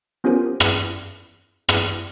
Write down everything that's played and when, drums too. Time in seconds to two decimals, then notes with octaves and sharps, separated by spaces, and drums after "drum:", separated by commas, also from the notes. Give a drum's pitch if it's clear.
0.24 B3 C#4 F4 G4 A#4 C5
0.60 drum: rim click
1.69 drum: rim click